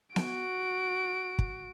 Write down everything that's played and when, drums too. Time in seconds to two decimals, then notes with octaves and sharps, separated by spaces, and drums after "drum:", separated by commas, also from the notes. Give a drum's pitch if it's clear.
0.16 F#4 D7, drum: snare B3
1.39 drum: kick